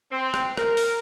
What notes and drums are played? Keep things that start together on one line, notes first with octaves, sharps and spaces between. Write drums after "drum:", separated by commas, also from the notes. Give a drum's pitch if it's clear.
C4
drum: rim click
A#4, drum: rim click
drum: open hi-hat